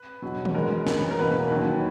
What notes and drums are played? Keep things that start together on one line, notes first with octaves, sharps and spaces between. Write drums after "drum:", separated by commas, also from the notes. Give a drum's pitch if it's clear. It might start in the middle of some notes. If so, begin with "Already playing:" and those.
Already playing: B4
E2 B2 F#3
drum: tom
F#2 E3 G#3 B3 A#4
F#2 E3 B3, drum: snare
A#4
E2 B2 A#3 C#4 B4
D#2 D#3 F#3